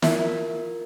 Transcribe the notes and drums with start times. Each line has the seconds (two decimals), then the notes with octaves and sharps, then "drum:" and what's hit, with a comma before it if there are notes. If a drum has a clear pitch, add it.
0.02 E4 F4 A#4, drum: snare